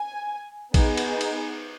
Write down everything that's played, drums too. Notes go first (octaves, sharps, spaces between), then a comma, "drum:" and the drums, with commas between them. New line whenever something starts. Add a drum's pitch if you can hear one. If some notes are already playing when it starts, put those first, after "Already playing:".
Already playing: G#5
B3 D#4 G#4, drum: kick, cymbal
drum: cymbal
drum: cymbal